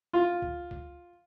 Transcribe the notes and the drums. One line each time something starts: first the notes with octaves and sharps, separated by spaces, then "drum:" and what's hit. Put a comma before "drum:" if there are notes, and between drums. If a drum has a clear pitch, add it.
F4
drum: kick C#2
drum: kick C#2